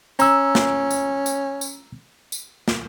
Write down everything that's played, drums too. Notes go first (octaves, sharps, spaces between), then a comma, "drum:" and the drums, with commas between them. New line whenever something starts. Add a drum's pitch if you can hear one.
C#4 A#5 E6, drum: tambourine
drum: snare
drum: tambourine
drum: tambourine
drum: tambourine
drum: tambourine
drum: snare